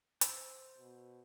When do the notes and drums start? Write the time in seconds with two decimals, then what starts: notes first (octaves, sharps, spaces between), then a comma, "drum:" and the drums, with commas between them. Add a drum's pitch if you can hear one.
0.21 C5 E6, drum: hi-hat
0.78 B2